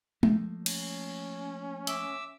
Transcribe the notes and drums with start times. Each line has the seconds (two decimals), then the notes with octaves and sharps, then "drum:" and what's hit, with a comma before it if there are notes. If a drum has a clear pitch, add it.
0.23 F3 A3 A#3, drum: tom G#3
0.66 C#4, drum: cymbal
1.87 E5 D6 E6, drum: hi-hat